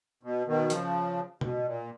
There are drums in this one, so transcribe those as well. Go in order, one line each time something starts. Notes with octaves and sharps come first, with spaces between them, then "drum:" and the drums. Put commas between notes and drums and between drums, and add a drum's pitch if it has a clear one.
B2
B2 D#3
C#3 F3, drum: hi-hat
B2, drum: tom B2
A#2